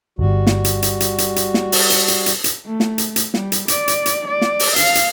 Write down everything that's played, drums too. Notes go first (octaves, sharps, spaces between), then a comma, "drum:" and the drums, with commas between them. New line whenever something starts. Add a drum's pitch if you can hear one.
D1 G1 G3 F#4
drum: snare
drum: hi-hat
drum: hi-hat
drum: hi-hat
drum: hi-hat
drum: hi-hat
drum: snare
drum: open hi-hat
drum: hi-hat
drum: hi-hat
drum: hi-hat
drum: hi-hat
A3
drum: snare
drum: hi-hat
drum: hi-hat
G3, drum: snare
drum: hi-hat
D5, drum: hi-hat
drum: hi-hat
drum: hi-hat
D5
drum: snare
drum: open hi-hat
F5, drum: hi-hat
drum: hi-hat